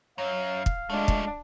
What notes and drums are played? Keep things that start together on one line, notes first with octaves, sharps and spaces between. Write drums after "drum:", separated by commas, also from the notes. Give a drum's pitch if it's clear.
F#2 C#5 F5
drum: kick
G#3 A3 D4 F4
drum: kick